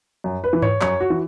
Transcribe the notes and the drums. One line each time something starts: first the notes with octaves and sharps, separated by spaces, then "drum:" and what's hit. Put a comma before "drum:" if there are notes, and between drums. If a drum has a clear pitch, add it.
F#2
B4
E3
C#5, drum: tom G#2
F#2 C#5, drum: clap
F#4
E3